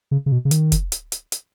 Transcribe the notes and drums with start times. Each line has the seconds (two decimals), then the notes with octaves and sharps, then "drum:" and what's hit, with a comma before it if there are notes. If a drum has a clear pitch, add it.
0.11 C#3
0.26 C#3
0.32 B2
0.45 C#3
0.51 D#3, drum: hi-hat
0.72 drum: kick F1, hi-hat
0.92 drum: hi-hat
1.12 drum: hi-hat
1.32 drum: hi-hat